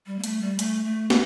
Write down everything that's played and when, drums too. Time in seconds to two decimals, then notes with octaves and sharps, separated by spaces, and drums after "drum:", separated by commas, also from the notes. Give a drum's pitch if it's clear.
0.06 G3
0.19 A#3
0.24 A3, drum: hi-hat
0.42 G3
0.59 A3, drum: hi-hat
0.85 A3
1.10 A3, drum: snare